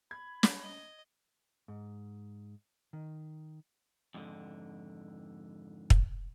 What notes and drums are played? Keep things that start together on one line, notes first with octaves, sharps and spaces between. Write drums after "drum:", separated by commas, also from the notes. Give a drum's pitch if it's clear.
B5 G#6
drum: snare
D#5
G#2
D#3
F2 G#2 D3
drum: kick